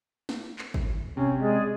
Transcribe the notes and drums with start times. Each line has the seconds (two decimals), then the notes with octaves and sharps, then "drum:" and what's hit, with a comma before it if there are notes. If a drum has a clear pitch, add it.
0.29 drum: snare
0.59 drum: clap
0.74 drum: kick
1.17 C3 C#4
1.38 G#3 G#4 D5